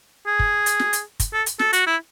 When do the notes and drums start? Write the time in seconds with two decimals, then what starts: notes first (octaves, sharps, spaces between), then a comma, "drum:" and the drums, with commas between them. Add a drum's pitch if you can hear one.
0.27 G#4
0.39 drum: kick
0.66 drum: hi-hat
0.79 drum: snare
0.93 drum: hi-hat
1.20 drum: kick, hi-hat
1.33 A4
1.46 drum: hi-hat
1.59 A4, drum: snare
1.73 F#4, drum: hi-hat
1.87 E4